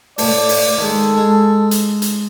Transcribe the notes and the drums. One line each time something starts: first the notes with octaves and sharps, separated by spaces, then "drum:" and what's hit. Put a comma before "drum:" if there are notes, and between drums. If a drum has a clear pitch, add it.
A2 A3 D5, drum: open hi-hat
drum: open hi-hat
D#3 G#3 A4
G#3
drum: hi-hat
drum: hi-hat